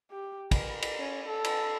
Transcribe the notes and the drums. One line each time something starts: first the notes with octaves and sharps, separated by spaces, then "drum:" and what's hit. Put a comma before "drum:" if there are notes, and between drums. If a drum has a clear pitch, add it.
G4
A#4, drum: kick, cymbal
drum: cymbal
C#4
A4
drum: cymbal